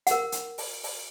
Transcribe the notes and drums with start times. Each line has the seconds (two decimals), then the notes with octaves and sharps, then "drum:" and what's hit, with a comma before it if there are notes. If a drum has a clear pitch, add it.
0.07 A#4 F#5, drum: hi-hat
0.32 drum: hi-hat
0.58 drum: open hi-hat
0.83 drum: open hi-hat